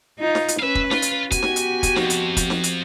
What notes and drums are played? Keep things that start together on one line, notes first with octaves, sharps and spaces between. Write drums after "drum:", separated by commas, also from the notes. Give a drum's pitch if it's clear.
D#4 F4
drum: snare
drum: hi-hat
C#4 B4 E5 F5
drum: kick
F4, drum: snare
drum: hi-hat
B3 F#4 G4 G#5, drum: kick, hi-hat
drum: snare
drum: hi-hat
drum: kick, hi-hat
F2, drum: snare
drum: hi-hat
drum: kick, hi-hat
drum: snare
drum: hi-hat